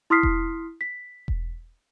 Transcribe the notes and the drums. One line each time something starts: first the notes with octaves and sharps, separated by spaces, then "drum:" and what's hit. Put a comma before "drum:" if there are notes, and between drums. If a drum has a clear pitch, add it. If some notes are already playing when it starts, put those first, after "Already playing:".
E4 C6 D#6 F6 B6 C7
drum: kick E1
B6
drum: kick E1